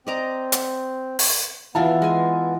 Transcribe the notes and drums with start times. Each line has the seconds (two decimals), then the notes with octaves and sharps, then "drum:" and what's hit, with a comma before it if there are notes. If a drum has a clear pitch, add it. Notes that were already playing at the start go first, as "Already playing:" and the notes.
0.07 C4 D5 D#5 A#5
0.52 drum: hi-hat
1.19 drum: open hi-hat
1.75 E3 B3 E4 F4 E5 F5 A5
2.02 G#3 G#5